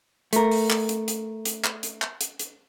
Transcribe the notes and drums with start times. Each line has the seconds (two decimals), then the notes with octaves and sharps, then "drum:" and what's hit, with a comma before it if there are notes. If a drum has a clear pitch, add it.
0.33 A3 A#4, drum: hi-hat
0.51 drum: open hi-hat
0.70 drum: clap
0.89 drum: hi-hat
1.08 drum: hi-hat
1.45 drum: hi-hat
1.64 drum: clap
1.83 drum: hi-hat
2.02 drum: clap
2.21 drum: hi-hat
2.39 drum: hi-hat